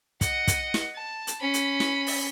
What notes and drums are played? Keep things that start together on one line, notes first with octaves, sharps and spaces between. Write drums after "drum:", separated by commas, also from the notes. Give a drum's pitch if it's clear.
D#5 F#5, drum: kick, hi-hat
drum: kick, hi-hat
drum: snare
A5
drum: hi-hat
C#4 B5
drum: hi-hat
drum: snare
drum: open hi-hat